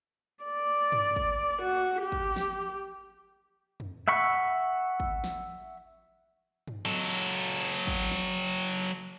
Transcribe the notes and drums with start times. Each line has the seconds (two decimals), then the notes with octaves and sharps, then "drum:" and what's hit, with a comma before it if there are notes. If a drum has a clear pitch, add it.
0.44 D5
0.92 drum: tom G2
1.16 drum: kick
1.62 F#4
2.02 G4
2.12 drum: kick
2.36 drum: snare
3.80 drum: tom F2
4.08 E5 F#5 B5 C#6
5.00 drum: kick
5.24 drum: snare
6.68 drum: tom G2
6.85 F#3 A4
7.87 drum: kick
8.11 drum: snare